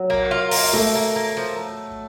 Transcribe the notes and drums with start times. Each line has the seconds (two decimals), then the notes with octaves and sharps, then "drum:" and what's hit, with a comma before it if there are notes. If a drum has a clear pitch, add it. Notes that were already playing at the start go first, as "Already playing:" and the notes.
Already playing: F#3
0.10 A#3
0.31 F4
0.51 A#3, drum: open hi-hat
0.73 A3 A#3
0.95 A#3
1.16 A#3
1.37 F3